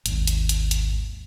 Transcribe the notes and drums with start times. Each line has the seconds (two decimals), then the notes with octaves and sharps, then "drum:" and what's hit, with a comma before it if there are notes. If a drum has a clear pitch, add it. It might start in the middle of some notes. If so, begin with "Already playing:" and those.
0.06 G#1 D#2, drum: hi-hat
0.27 drum: hi-hat
0.49 drum: hi-hat
0.71 drum: hi-hat